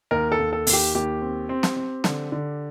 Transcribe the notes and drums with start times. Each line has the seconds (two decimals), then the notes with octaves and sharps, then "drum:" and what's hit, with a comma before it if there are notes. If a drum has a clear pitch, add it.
0.11 D#2 A#4
0.32 A4
0.39 D#2
0.53 A4
0.67 D#2, drum: open hi-hat
0.73 G4
0.95 D#2 G4
1.22 C4
1.49 C4
1.63 drum: snare
1.76 C4
2.04 D3, drum: snare
2.32 D3